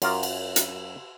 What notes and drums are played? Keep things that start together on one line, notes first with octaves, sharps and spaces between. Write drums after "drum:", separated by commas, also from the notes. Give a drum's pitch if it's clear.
F#2 F4 A#4, drum: cymbal
drum: cymbal
drum: hi-hat